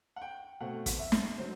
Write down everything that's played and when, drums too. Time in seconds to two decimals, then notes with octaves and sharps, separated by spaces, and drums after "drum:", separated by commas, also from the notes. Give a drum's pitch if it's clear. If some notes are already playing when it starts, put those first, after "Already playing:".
0.16 F#5
0.22 G5
0.60 B2 A3 C4 F#5
0.86 drum: kick, hi-hat
0.99 E5
1.12 drum: snare
1.38 D3 F#3 C5